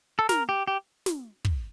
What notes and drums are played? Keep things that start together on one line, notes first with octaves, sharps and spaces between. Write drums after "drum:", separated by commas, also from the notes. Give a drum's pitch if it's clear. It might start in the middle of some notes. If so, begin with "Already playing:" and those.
A4
A#4, drum: snare
G4
G4
drum: snare
drum: kick